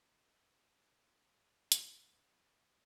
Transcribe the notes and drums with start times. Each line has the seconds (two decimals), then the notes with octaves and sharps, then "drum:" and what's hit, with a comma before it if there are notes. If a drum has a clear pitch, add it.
1.72 B3, drum: hi-hat